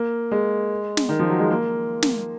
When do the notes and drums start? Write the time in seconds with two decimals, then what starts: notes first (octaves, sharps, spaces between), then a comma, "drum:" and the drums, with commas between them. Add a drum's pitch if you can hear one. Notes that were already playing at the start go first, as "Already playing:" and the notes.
Already playing: A#3
0.31 G#3
0.97 drum: snare
1.09 D#3
1.20 F3
1.30 F#3
1.40 G#3
1.50 A#3
2.02 drum: snare